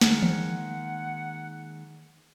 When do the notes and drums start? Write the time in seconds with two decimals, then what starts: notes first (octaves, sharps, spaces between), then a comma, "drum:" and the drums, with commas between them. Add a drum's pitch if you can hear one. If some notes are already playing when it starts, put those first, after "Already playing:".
0.01 D#3 G#3 A#3 F#5, drum: snare
0.22 drum: tom E3